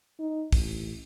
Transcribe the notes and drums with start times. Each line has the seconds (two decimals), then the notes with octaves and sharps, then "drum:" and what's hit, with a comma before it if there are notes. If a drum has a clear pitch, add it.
0.19 D#4
0.52 A1, drum: kick, open hi-hat